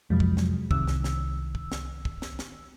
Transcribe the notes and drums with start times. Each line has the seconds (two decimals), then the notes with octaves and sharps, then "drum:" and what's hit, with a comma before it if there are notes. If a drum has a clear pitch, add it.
0.10 F2 C3 F#3 G#3
0.20 drum: kick
0.37 drum: snare
0.71 C2 D#3 E6, drum: kick
0.87 drum: snare
1.04 drum: snare
1.55 drum: kick
1.72 drum: snare
2.05 drum: kick
2.22 drum: snare
2.39 drum: snare